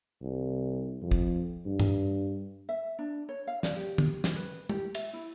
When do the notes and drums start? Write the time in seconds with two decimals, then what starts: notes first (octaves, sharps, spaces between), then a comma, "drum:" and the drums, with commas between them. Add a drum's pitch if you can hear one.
0.22 C2
1.02 F2
1.11 drum: kick
1.65 G2
1.80 drum: tom G2
2.69 E5
2.99 D4
3.29 C#5
3.47 F5
3.63 D5, drum: snare
3.76 G4
3.98 drum: tom
4.24 drum: snare
4.36 B4
4.70 G4, drum: tom
4.95 E5, drum: cymbal
5.13 E4